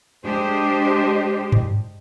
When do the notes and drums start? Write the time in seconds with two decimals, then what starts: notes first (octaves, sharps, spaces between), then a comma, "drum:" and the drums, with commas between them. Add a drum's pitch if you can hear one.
0.24 G#3 D4 G4 C5 D#5
1.52 drum: tom G2